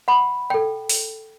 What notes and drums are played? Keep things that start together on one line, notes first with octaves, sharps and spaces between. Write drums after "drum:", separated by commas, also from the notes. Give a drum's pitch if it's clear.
F#5 B5
A4 G5
drum: open hi-hat